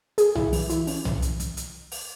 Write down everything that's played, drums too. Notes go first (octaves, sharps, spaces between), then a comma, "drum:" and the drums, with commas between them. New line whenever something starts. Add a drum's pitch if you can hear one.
G#4, drum: hi-hat
E4, drum: tom B1
E3, drum: open hi-hat
E4, drum: hi-hat
C#4, drum: open hi-hat
E3, drum: tom B1
drum: hi-hat
drum: kick, hi-hat
drum: hi-hat
drum: open hi-hat